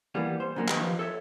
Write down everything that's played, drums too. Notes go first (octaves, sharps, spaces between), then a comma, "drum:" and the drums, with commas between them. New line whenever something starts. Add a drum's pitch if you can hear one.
E3 G3 A#3 B3
C5
A#2 D3 F#3 A3 A#3
D#3 D#4 G4 B4, drum: clap
F3
A4 C#5 D#5 E5